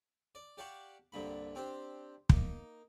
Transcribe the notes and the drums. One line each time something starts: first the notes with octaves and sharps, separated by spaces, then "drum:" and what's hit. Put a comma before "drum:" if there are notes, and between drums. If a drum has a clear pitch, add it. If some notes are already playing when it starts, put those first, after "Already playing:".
D5
G4 D5 F5 F#5 A5 C#6
C2 G2 D3 A#3 B5
C4 D4 G4 C5
A#3 D#4, drum: kick